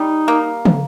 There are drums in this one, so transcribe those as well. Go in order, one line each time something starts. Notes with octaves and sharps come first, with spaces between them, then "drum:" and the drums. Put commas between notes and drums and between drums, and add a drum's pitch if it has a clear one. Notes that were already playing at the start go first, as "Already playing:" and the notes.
Already playing: G3 D#4
A#3
drum: tom